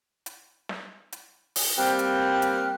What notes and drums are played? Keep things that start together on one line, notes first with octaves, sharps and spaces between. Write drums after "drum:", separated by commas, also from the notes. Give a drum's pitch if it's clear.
drum: hi-hat
drum: snare
drum: hi-hat
drum: open hi-hat
G3 A#3 C4 G5 F6 F#6
drum: hi-hat
drum: hi-hat